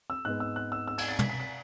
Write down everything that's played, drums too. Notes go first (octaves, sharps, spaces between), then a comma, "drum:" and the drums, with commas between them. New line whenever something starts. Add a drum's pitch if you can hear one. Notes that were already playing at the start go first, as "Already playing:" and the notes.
E6
G#2 G#3 B3 F#6
E6
F#6
E6
E6
G#6, drum: cymbal
A6
B6, drum: tom
B6
B6